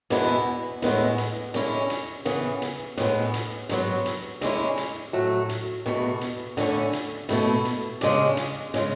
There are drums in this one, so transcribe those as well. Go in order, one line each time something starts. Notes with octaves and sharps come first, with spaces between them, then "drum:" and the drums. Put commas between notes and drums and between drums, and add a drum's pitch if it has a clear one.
E2 B2 G#3 B3 E4, drum: hi-hat
A2 G#3 B3 E4, drum: hi-hat
drum: hi-hat
D3 G#3 C#4 E4, drum: hi-hat
drum: hi-hat
C#3 E3 B3, drum: hi-hat
drum: hi-hat
A2 G#3 B3, drum: hi-hat
drum: hi-hat
G#2 F#3 B3, drum: hi-hat
drum: hi-hat
D3 G#3 C#4 E4, drum: hi-hat
drum: hi-hat
A2 F#3 A3
drum: hi-hat
E2 B2 A3
drum: hi-hat
D3 A3 C#4 E4, drum: hi-hat
drum: hi-hat
B2 A3 E4, drum: hi-hat
drum: hi-hat
C#3 G#3 D4, drum: hi-hat
drum: hi-hat
C#3 G#3, drum: hi-hat